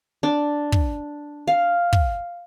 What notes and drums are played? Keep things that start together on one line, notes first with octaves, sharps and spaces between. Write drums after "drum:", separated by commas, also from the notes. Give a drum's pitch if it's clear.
D4
drum: kick
F5
drum: kick